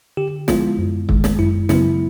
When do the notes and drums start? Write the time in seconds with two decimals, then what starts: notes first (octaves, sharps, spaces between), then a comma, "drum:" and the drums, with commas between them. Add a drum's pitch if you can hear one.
0.17 D3 G4
0.48 F3 G#3 B3 E4 F4, drum: snare
0.79 F#2
1.09 D#3 G#3, drum: kick
1.24 drum: snare
1.39 F#2 E4
1.69 C#3 F#3 B3 E4, drum: snare